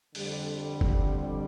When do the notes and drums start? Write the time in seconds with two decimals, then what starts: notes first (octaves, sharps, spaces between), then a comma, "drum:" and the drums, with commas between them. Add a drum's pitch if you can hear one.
0.15 F2 D3 G3, drum: open hi-hat
0.81 drum: kick F#1